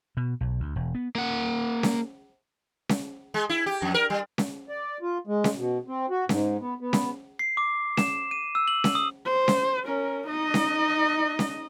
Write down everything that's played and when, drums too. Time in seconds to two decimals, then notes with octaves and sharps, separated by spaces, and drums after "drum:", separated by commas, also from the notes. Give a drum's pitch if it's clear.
0.17 B2
0.41 B1
0.60 D2
0.76 E1
0.95 B3
1.15 A#3 F#5
1.83 drum: snare C#4
2.89 drum: snare C#4
3.34 G#3
3.49 E4
3.66 G4
3.82 F2
3.94 A#4
4.10 G3
4.38 drum: snare C#4
4.69 D5
5.02 F4
5.27 G#3
5.44 drum: snare C#4
5.57 B2
5.88 C4
6.10 F#4
6.29 G#2, drum: snare C#4
6.61 B3
6.81 B3
6.93 drum: snare C#4
7.39 C7
7.57 D6
7.97 E7, drum: snare C#4
8.31 D#7
8.55 E6
8.68 F#7
8.84 drum: snare C#4
8.95 D#6
9.25 C5
9.48 drum: snare C#4
9.85 C#4 A#4
10.27 D#4 D#5
10.54 drum: snare C#4
11.39 drum: snare C#4